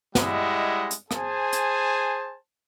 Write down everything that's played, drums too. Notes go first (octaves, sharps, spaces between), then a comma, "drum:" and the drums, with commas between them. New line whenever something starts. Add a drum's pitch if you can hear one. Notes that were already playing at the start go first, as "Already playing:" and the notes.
G3 G#3 E4 D#5 F#5, drum: snare
drum: hi-hat
G#4 C5 G#5 A5, drum: rim click
drum: hi-hat